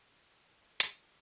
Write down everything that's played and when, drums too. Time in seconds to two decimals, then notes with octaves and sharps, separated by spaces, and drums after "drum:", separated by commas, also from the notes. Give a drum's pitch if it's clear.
0.24 C#5 F5
0.80 F2 G#3 E4, drum: hi-hat